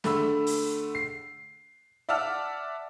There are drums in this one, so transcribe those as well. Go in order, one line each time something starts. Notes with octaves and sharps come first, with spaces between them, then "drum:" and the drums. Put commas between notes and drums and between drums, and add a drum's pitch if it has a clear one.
D3 A3 B5 E6, drum: snare
drum: open hi-hat
C7
D5 E5 F#5 A5 E6 F6